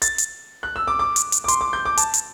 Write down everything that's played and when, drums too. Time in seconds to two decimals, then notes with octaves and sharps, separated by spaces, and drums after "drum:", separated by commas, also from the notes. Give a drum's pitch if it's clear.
0.02 A6, drum: hi-hat
0.18 drum: hi-hat
0.63 F#6
0.76 E6
0.88 D6
0.99 D6
1.16 drum: hi-hat
1.32 drum: hi-hat
1.44 D6
1.48 C6, drum: hi-hat
1.61 D6
1.73 G6
1.85 D6
1.97 A5, drum: hi-hat
2.14 drum: hi-hat